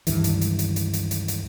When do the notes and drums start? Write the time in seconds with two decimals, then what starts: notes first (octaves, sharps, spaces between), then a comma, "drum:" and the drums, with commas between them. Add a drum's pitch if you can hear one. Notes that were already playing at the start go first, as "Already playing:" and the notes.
0.07 C#2 G2 D#3 E3, drum: hi-hat
0.24 drum: hi-hat
0.41 drum: hi-hat
0.59 drum: hi-hat
0.76 drum: hi-hat
0.93 drum: hi-hat
1.11 drum: hi-hat
1.28 drum: hi-hat